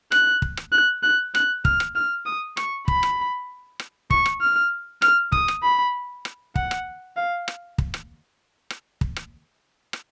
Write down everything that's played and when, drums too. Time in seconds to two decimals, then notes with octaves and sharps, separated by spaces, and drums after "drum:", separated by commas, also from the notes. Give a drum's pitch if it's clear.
0.12 F#6, drum: rim click
0.42 drum: kick
0.57 drum: rim click
0.72 F#6
1.03 F#6
1.35 F#6, drum: rim click
1.65 F6, drum: kick
1.80 drum: rim click
1.95 F6
2.26 D#6
2.57 C#6, drum: rim click
2.88 B5, drum: kick
3.03 drum: rim click
3.80 drum: rim click
4.10 C#6, drum: kick
4.26 drum: rim click
4.41 F6
5.02 F6, drum: rim click
5.32 D#6, drum: kick
5.48 drum: rim click
5.63 B5
6.25 drum: rim click
6.55 F#5, drum: kick
6.71 drum: rim click
7.16 F5
7.48 drum: rim click
7.78 drum: kick
7.94 drum: rim click
8.70 drum: rim click
9.01 drum: kick
9.16 drum: rim click
9.93 drum: rim click